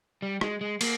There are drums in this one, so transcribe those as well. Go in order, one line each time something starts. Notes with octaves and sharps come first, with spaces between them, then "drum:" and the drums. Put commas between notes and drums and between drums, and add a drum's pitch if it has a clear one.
G3
G#3, drum: rim click
G#3
A#3, drum: cymbal